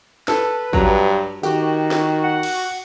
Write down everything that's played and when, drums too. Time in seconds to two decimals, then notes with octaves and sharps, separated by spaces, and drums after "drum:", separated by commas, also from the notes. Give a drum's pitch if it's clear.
0.28 A4 B4, drum: snare
0.73 G2 F#3 A#5, drum: kick
1.43 D#3 F#4 G4, drum: tambourine
1.91 drum: snare
2.23 F#5
2.43 drum: cymbal